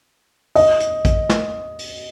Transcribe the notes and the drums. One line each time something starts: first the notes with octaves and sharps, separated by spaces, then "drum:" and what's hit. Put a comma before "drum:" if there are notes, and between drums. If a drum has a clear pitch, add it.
D#5, drum: open hi-hat
drum: hi-hat
drum: kick, hi-hat
drum: snare
drum: open hi-hat